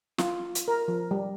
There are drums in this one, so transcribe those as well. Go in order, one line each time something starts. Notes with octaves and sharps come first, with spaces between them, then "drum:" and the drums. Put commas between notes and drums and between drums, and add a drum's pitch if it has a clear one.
F4, drum: snare
drum: hi-hat
A#4
F3
G3